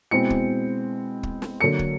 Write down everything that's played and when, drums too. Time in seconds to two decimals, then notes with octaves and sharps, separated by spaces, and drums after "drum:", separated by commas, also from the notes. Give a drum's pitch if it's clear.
0.11 B2 G#3 C4 E4 C#7
0.30 drum: kick
1.23 drum: kick
1.42 drum: snare
1.61 D3 F#3 A#3 C#7
1.79 drum: kick